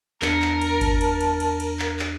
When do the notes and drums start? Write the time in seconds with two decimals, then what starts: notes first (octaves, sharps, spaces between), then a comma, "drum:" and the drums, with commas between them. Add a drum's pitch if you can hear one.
0.22 E2 D4 A#4 A5 C#7, drum: clap
0.42 drum: clap
0.62 drum: cymbal
0.81 drum: kick G1, cymbal
1.01 drum: cymbal
1.21 drum: cymbal
1.40 drum: cymbal
1.60 drum: cymbal
1.79 drum: clap
1.99 drum: clap